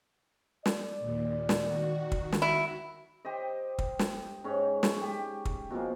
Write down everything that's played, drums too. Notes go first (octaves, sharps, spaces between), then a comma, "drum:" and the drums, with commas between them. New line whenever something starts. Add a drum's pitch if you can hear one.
D5, drum: snare
D#2 A#2
drum: snare
D#3 F#4
drum: kick
drum: snare
E4
G4 C5 D#5
drum: kick
drum: snare
G#2 C#4 C#5
drum: snare
G4
drum: kick
B2 F3 G#3 A#3